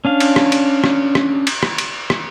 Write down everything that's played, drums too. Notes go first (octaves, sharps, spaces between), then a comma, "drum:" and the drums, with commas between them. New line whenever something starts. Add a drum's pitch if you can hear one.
C#4 D4 F5
drum: cymbal
drum: rim click
drum: cymbal
drum: rim click
drum: rim click
drum: cymbal
drum: rim click
drum: cymbal
drum: rim click